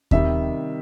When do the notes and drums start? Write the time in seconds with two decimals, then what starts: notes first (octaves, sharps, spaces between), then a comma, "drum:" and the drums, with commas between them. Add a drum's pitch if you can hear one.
0.11 C3 D#3 G3 E5, drum: kick D#2